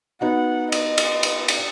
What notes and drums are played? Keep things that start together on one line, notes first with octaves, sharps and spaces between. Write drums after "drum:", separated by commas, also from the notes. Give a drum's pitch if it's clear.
B3 D#4 F#4 F#5
D#5, drum: cymbal
drum: cymbal
drum: cymbal
drum: cymbal